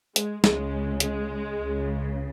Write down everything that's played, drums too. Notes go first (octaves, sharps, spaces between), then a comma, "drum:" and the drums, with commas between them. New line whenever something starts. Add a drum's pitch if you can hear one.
G#3, drum: hi-hat
C#2 C#3 G#3, drum: snare
G#3, drum: hi-hat
C#2 C#3